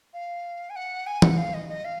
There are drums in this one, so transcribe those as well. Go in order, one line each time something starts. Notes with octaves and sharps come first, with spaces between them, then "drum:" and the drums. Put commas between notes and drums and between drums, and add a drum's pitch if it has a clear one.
F5
G#5
F#5
G#5
F#5, drum: tom E3
F5
D#5
D#5
F5